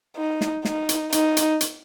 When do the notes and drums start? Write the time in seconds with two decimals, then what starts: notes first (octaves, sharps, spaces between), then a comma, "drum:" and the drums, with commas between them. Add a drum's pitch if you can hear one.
0.16 D#4
0.41 drum: snare
0.65 D#4, drum: snare
0.89 drum: hi-hat
1.12 D#4, drum: hi-hat
1.37 drum: hi-hat
1.61 drum: hi-hat